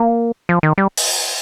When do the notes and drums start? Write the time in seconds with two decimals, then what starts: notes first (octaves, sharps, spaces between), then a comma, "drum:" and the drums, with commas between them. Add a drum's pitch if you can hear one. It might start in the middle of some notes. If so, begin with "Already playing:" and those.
Already playing: A#3
0.49 F3
0.63 D#3
0.78 G3
0.97 drum: open hi-hat